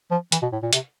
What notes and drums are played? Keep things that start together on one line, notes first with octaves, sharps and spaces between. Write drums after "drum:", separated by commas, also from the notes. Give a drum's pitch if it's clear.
F3
E3, drum: hi-hat
B2
A2
A#2
C3, drum: hi-hat